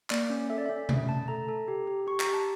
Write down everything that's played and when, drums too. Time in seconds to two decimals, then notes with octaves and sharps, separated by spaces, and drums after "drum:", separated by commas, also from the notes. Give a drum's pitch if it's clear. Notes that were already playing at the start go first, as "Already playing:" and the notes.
0.10 A#3 D5, drum: clap
0.30 C#4
0.50 A4 E5
0.58 D5
0.66 C#4 E5
0.89 A3, drum: tom B2
1.09 A3 A5
1.28 A4 A#5
1.49 A4
1.68 G4
1.87 G4
2.07 G4 C#6
2.20 A#5, drum: clap
2.27 G4
2.34 A5